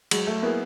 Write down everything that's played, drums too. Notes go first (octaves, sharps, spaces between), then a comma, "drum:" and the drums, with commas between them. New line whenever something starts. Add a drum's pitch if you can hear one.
F#3 G#3, drum: cymbal
A3
A#3 B3 E4 G#4